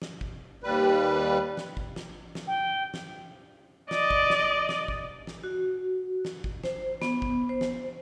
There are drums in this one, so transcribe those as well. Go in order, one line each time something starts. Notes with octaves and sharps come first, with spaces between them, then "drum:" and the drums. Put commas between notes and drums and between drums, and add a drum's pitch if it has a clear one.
drum: snare
drum: kick
D#2 G3 B4
drum: snare
drum: kick
drum: snare
drum: snare
G5
drum: snare
D5 D#5, drum: snare
drum: kick
drum: snare
drum: snare
drum: kick
drum: snare
F#4
drum: snare
drum: kick
C5, drum: snare
B3, drum: snare
drum: kick
C5
drum: snare